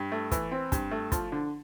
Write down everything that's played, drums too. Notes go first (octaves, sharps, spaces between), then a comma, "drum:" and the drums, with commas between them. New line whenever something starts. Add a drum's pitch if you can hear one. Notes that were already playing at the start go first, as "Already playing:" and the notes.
Already playing: G2
A3
E3, drum: kick, hi-hat
C4
G2, drum: kick, hi-hat
A3
F3, drum: kick, hi-hat
D3